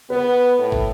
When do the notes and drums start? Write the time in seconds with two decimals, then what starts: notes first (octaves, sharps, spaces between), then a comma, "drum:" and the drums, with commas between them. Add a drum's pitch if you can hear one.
0.10 B3 B4
0.58 A2
0.72 drum: kick